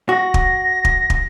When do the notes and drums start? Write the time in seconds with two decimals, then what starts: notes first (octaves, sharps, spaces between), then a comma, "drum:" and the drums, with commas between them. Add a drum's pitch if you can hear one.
0.09 F#4 A#6
0.34 drum: kick
0.85 drum: kick
1.10 drum: kick